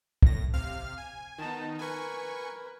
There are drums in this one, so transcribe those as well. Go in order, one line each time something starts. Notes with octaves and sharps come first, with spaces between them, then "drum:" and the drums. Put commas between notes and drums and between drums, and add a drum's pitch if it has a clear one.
A2 A#6, drum: kick
C3 F5 F6
G#5
D#3 B3 D#4 A5
A#4 B4 G#5 C#6